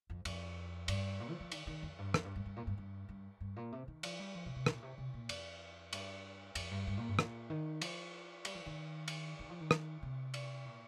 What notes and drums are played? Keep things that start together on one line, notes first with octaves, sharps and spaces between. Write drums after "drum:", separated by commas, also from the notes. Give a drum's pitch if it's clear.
F2
F2, drum: cymbal
G2, drum: cymbal
A#2
F3
F3
D#3, drum: cymbal
D#3
F2
G2
F2, drum: rim click
G2
G2
G2
A#2
G2
G2
G2
G2
A#2
C3
D#3
F3, drum: cymbal
G3
F3
C3
C3
A#2, drum: rim click
C3
C3
A#2
F2, drum: cymbal
G2, drum: cymbal
F2, drum: cymbal
G2
G2
A#2
G2
A#2, drum: rim click
D#3
F3, drum: cymbal
G3, drum: cymbal
F3
D#3
drum: cymbal
D#3
F3
D#3
drum: rim click
C3
drum: cymbal
A#2